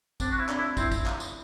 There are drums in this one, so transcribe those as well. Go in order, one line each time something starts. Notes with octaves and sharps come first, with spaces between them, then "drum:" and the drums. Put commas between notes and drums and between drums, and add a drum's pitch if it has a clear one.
C4 D4, drum: kick, tambourine
F#4
E4
D4, drum: clap
E4
C4 E4, drum: kick, tambourine
drum: kick, tambourine
drum: clap
drum: tambourine